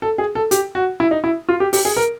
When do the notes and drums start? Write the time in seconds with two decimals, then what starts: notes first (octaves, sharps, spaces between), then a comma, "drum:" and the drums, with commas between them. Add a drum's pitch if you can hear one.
0.02 A4
0.18 G#4
0.35 A4
0.51 G4, drum: hi-hat
0.75 F#4
1.00 E4
1.11 D#4
1.24 E4
1.49 F4
1.60 G4
1.73 G4, drum: open hi-hat
1.85 G#4
1.97 A#4